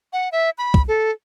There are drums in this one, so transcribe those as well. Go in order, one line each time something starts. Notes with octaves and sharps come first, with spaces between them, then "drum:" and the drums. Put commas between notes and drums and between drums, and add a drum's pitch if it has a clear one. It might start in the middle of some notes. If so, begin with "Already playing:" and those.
F#5
E5
B5
drum: kick
A4